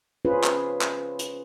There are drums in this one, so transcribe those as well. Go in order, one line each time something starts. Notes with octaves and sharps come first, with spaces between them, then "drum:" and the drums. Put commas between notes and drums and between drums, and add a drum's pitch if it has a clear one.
C#4 F4 G#4 B4 C5
drum: clap
drum: clap
drum: hi-hat